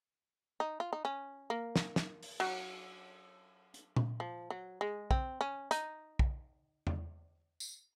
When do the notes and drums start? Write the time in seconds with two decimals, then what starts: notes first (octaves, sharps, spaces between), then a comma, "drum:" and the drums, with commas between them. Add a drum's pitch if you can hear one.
0.60 D#4
0.80 F4
0.93 D#4
1.05 C#4
1.50 A#3
1.76 drum: snare
1.96 drum: snare
2.23 drum: open hi-hat
2.40 F#3, drum: cymbal
3.74 drum: hi-hat
3.96 drum: tom A#2
4.20 F3
4.50 F#3
4.81 G#3
5.11 C4, drum: kick
5.41 C#4
5.71 D#4, drum: hi-hat
6.19 drum: kick
6.87 drum: tom E2
7.60 drum: tambourine